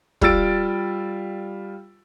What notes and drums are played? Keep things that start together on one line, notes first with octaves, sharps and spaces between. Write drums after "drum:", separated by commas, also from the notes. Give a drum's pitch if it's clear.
G3 F4 E6 A6 D7, drum: kick